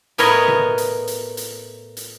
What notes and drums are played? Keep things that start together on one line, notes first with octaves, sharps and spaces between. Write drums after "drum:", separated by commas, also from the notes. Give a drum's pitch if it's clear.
A2 B3 A#4 B4 C#5 D#5, drum: hi-hat
drum: tom B2
drum: hi-hat
drum: hi-hat
drum: hi-hat
drum: hi-hat